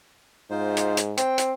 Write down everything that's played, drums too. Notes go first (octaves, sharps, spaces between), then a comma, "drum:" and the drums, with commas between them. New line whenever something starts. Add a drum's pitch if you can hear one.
G#2 D#4 F4 C5
drum: hi-hat
drum: hi-hat
C4 G5, drum: hi-hat
drum: hi-hat